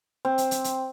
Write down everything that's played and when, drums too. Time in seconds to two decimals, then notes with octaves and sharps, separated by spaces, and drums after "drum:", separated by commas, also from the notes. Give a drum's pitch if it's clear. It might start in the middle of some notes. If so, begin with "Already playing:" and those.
0.25 C4
0.38 drum: hi-hat
0.51 drum: hi-hat
0.64 drum: hi-hat